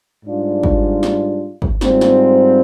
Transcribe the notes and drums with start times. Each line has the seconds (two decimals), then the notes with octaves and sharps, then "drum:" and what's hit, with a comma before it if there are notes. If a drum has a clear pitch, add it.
0.24 G#2 G3 D4 F4
0.63 drum: kick
1.03 drum: snare
1.62 drum: kick
1.81 G#2 G3 C4 F4, drum: snare
2.01 drum: snare